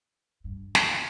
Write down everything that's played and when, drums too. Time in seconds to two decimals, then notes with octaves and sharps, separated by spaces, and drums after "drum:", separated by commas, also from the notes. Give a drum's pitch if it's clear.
0.44 G2
0.75 drum: snare